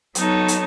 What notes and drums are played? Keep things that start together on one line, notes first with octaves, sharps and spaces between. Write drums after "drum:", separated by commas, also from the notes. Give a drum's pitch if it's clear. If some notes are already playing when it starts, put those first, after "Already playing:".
F#3 B3 D#4 A4 C#5, drum: hi-hat
drum: hi-hat